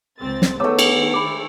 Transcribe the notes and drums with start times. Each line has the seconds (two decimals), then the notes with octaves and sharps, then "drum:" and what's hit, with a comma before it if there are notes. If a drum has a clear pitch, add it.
0.19 C#2 C4 A6
0.42 drum: snare
0.60 D#3 G#3 A3 B3 C#5 D6 E6
0.79 drum: cymbal
1.14 B5 D6